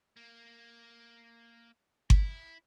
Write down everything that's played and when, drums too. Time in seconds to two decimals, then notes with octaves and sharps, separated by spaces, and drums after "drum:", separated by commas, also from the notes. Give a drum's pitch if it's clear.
0.17 A#3
2.10 E4, drum: kick G1